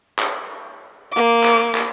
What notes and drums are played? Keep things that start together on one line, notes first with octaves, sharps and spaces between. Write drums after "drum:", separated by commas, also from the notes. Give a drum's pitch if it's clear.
drum: clap
A#3 D6
drum: clap
drum: clap